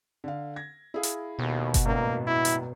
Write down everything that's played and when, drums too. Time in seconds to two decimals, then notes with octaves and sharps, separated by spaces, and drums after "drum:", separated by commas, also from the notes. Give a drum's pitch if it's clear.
0.24 D3 F5
0.56 G#6 A#6
0.94 E4 G#4 F5
1.03 drum: hi-hat
1.39 D#2 B2
1.74 drum: kick F#1, hi-hat
1.85 G#1 F#2 A2 A#3
2.27 E4
2.45 drum: hi-hat